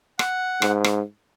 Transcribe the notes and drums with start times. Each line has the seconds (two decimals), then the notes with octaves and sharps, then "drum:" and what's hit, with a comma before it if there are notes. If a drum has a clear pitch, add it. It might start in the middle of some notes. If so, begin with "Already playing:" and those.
0.19 F#5, drum: rim click
0.62 G#2, drum: rim click
0.84 drum: rim click